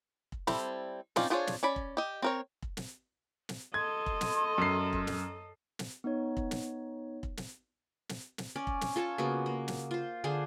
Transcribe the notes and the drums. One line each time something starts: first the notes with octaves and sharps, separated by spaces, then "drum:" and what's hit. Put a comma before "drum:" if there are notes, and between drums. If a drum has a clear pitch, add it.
drum: kick
G3 C4 E4 A4 C5, drum: snare
C4 C#4 D#4 F4 D5, drum: snare
D4 F4 G#4 C5 C#5
drum: snare
C#4 D5 B5
drum: kick
G4 D#5
C4 A#4 C#5
drum: kick
drum: snare
drum: snare
A4 D#5 C6 G#6
drum: kick
drum: snare
F#2 C7
drum: kick
drum: snare
drum: snare
B3 D#4 C#5
drum: kick
drum: snare
drum: kick
drum: snare
drum: snare
drum: snare
C#4 D5
drum: kick
drum: snare
F4 A4 C#5 A5
C#3 A#3 B3 F#4
A#3
drum: snare
F4 C5
D3 D4 G#4 C5